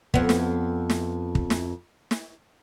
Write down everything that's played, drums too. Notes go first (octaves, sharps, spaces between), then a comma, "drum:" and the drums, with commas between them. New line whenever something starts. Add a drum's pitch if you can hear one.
F2 B3, drum: kick
drum: snare
drum: snare
drum: kick
drum: snare
drum: snare